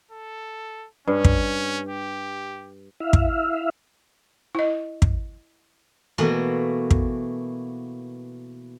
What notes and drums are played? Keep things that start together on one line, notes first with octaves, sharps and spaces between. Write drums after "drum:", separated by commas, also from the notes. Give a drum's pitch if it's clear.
A4
G2 C#4
drum: kick
G4
E4 E5 F5
drum: kick
E4 D#5
drum: kick
B2 E3 A3 A#3 F#4
drum: kick